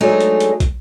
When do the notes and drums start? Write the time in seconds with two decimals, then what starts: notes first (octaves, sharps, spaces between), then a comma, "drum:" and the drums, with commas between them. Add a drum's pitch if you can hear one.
0.01 F#3 G#3 A3 D4 D#4 G#4
0.20 drum: hi-hat
0.40 drum: hi-hat
0.60 drum: kick, hi-hat